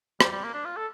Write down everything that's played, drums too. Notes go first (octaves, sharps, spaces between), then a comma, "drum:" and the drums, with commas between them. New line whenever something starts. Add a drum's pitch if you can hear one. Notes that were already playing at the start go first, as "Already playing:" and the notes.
G3, drum: rim click
G3
A#3
D4
F4
A4